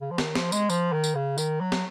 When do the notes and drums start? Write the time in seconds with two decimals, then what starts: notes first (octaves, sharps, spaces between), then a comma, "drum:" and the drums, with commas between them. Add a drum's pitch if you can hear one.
0.01 C#3
0.11 F3
0.18 D#3, drum: snare
0.35 F3, drum: snare
0.52 G#3, drum: tambourine
0.70 F3, drum: tambourine
0.92 D#3
1.04 drum: tambourine
1.15 C#3
1.38 D#3, drum: tambourine
1.60 F#3
1.72 drum: snare